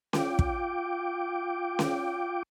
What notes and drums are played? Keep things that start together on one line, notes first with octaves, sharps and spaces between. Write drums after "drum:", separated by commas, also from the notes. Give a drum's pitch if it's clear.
F4 G5 D6, drum: snare C#4
drum: kick
drum: snare C#4